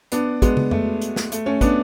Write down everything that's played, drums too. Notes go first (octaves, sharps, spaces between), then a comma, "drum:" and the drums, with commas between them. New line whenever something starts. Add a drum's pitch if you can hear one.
B3 D4, drum: hi-hat
G#3 B3, drum: kick, hi-hat
drum: tom
A3, drum: tom F2
drum: hi-hat
drum: snare
A3, drum: hi-hat
A3 C#4
B3 D4, drum: kick, hi-hat